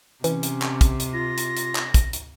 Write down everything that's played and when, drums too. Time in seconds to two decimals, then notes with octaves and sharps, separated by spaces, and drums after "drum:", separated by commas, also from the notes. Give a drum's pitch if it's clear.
0.24 C3 E3 C#4, drum: hi-hat
0.43 drum: hi-hat
0.62 drum: clap
0.81 drum: kick, hi-hat
1.00 drum: hi-hat
1.13 F4 A#6
1.38 drum: hi-hat
1.57 drum: hi-hat
1.75 drum: clap
1.94 drum: kick, hi-hat
2.13 drum: hi-hat